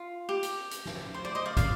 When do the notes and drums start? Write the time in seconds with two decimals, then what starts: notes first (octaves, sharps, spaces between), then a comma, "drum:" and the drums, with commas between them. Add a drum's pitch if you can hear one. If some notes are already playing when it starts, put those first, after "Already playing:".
Already playing: F4
0.29 G4
0.43 drum: hi-hat
0.71 drum: hi-hat
0.85 drum: snare
1.14 C5
1.25 D5
1.35 C5 D#5
1.46 D5 F5
1.57 D5 F5, drum: kick, hi-hat